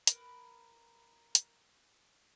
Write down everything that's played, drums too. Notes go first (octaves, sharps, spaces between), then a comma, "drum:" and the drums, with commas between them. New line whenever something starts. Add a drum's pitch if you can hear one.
A#4 B4, drum: hi-hat
drum: hi-hat